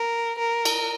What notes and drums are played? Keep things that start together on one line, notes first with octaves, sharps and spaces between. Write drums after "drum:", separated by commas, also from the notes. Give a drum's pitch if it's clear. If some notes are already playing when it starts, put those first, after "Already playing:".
Already playing: A#4
A#4
drum: cymbal